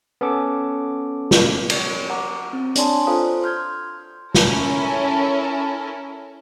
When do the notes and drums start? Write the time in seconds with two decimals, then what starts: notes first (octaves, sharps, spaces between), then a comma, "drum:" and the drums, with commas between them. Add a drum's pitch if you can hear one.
0.21 B3 C#4 A4 D6
1.31 drum: snare
1.70 drum: cymbal
2.10 F#5 A#5 D6
2.53 C4
2.76 D4 C#5 D5 G#5 A5 C6, drum: hi-hat
3.07 F4 A4 C5 F5 A#5 D#6
3.43 C6 F6 G6 G#6
4.35 C#4 E4 A4 A#4, drum: snare